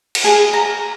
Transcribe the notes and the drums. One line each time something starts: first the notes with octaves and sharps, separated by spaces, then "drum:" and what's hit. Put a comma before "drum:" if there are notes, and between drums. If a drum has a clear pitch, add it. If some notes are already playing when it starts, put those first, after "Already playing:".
drum: cymbal
G#4
A#5